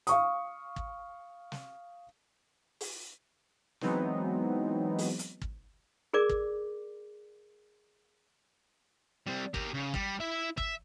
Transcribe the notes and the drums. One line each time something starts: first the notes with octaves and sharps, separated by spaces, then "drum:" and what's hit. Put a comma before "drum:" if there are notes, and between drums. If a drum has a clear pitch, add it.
F5 C#6 D#6, drum: hi-hat
drum: kick
drum: snare
drum: open hi-hat
E3 F#3 G#3 B3 C4 D#4, drum: snare
drum: open hi-hat
drum: hi-hat
drum: kick
G#4 A#4 D5 D6
drum: kick
G3 C4
G4 A#4, drum: kick
C#3
G3, drum: kick
E4 E5
E5, drum: kick